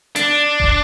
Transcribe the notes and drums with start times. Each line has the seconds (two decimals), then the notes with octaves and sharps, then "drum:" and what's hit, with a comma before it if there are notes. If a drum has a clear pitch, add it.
0.16 D4, drum: hi-hat
0.60 drum: kick E1